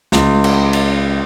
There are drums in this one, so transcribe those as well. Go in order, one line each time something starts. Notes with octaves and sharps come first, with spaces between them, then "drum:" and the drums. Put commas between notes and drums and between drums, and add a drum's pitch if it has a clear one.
C#2, drum: snare
drum: cymbal
drum: cymbal